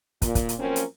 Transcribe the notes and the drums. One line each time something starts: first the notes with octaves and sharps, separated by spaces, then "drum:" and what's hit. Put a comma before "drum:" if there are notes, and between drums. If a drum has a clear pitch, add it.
A#2, drum: kick, hi-hat
drum: kick, hi-hat
drum: hi-hat
F#2 F3 A#3 C4 C#4 A#4
drum: hi-hat